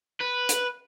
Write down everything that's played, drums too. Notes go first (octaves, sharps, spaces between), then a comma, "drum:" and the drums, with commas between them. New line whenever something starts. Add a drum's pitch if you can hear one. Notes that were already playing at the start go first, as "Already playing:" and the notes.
B4
drum: hi-hat